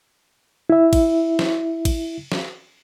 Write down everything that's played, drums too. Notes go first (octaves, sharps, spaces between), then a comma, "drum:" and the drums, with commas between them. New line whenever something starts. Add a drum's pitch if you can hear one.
E4 E5
drum: kick A1, cymbal
drum: snare
drum: kick A1, cymbal
drum: snare